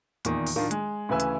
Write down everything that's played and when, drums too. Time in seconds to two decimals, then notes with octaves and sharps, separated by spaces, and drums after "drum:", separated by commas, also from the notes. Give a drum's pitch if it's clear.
0.25 E2 A#2 D#3, drum: hi-hat
0.47 drum: open hi-hat
0.56 D1 D#3 D4 F4
0.71 G#3, drum: hi-hat
1.09 D2 C#3 E3 B4 G#5 E6
1.20 drum: hi-hat